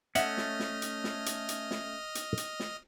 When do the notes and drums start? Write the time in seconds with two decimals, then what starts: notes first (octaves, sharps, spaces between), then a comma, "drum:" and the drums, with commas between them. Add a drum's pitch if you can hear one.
0.15 A3 C#4 D#5 E5 F#5 D#6 F6, drum: hi-hat
0.37 drum: snare
0.60 drum: snare
0.82 drum: hi-hat
1.04 drum: snare
1.26 drum: hi-hat
1.49 drum: hi-hat
1.71 drum: snare
2.15 drum: hi-hat
2.37 drum: hi-hat
2.60 drum: snare